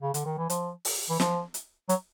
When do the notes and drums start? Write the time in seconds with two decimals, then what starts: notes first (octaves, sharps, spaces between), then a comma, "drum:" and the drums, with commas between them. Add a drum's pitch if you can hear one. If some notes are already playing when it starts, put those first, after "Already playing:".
0.02 C#3
0.14 D3, drum: hi-hat
0.26 D#3
0.38 E3
0.50 F3, drum: hi-hat
0.85 drum: open hi-hat
1.10 E3
1.20 F3, drum: snare
1.54 drum: hi-hat
1.89 F#3, drum: hi-hat